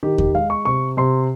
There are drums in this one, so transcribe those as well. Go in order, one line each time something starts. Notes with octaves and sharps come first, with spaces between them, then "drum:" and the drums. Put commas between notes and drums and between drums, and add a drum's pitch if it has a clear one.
D#3 G4
G4, drum: kick E2
G#3 F5
C#6
C3 C#6
C3 C6